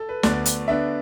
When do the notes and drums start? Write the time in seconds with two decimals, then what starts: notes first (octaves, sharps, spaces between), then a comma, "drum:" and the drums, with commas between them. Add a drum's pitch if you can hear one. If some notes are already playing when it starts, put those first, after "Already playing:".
Already playing: A4
0.09 B4
0.23 D2 D3 B3 D4 D5, drum: snare
0.46 drum: hi-hat
0.68 D3 B3 D4 E5